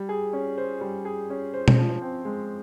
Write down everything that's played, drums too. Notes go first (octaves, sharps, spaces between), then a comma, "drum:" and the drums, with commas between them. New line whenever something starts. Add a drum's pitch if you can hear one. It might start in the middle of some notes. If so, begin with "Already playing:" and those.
Already playing: G3
G#4
C#4
C5
G3
G#4
C#4
C5
drum: tom B2
F3
C4
G#3